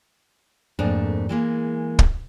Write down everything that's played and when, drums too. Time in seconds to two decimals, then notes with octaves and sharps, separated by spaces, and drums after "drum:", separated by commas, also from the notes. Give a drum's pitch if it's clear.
0.79 F2 G#2 A3 A#3 D4
1.29 E3 G#3 A#3
1.99 drum: kick